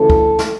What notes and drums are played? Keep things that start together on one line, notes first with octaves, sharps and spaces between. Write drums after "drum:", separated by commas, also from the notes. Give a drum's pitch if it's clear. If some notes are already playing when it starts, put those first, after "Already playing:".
Already playing: D2 C#3 E3 A4
drum: kick C#2
drum: snare